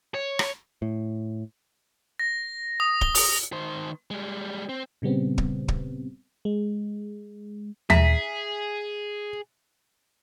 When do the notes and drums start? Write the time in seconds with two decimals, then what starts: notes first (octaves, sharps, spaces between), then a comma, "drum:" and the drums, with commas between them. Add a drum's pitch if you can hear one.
0.14 C#5
0.39 drum: rim click
0.82 A2
2.19 A#6
2.80 D#6
3.01 G7, drum: kick
3.15 D#6, drum: open hi-hat
3.53 D#3 C5
4.11 G3 G#3
4.69 C4
5.02 A#2 C#3 G3 B3 C4
5.38 drum: kick
5.68 drum: kick
6.45 G#3
7.90 G#4 E5 A#5 B6, drum: tom D#2